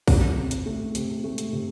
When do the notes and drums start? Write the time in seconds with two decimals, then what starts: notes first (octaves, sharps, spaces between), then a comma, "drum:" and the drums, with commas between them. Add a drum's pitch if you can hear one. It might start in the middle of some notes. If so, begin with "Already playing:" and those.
0.08 C3, drum: kick, open hi-hat
0.37 C3
0.51 drum: hi-hat
0.66 A3
0.95 C3, drum: hi-hat
1.24 A3
1.38 drum: hi-hat
1.53 C3